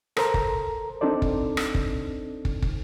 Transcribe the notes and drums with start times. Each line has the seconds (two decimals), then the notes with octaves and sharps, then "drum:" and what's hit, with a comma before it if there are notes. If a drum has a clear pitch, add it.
0.17 A4 A#4 C5 A#5, drum: rim click
0.34 drum: kick
1.01 C4 D4 D#4 A4 C5 D5
1.22 drum: kick
1.57 drum: rim click
1.75 drum: kick
2.45 drum: kick
2.62 drum: kick